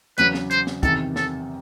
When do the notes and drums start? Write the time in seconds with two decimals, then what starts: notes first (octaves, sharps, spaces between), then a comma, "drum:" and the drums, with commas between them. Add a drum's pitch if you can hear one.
0.18 E2 C#3 F#3 B4, drum: hi-hat
0.34 drum: snare
0.51 C5, drum: hi-hat
0.67 drum: snare
0.83 E2 C3 D#3 A4, drum: kick, hi-hat
1.16 A4, drum: snare